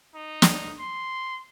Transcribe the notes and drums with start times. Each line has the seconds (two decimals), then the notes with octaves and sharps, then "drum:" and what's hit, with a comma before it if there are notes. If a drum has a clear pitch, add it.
0.15 D#4
0.42 drum: snare
0.79 C6